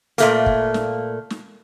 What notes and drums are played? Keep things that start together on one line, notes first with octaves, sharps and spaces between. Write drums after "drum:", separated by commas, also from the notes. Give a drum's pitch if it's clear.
A#2 A3 A#3, drum: hi-hat
drum: kick
drum: snare
drum: snare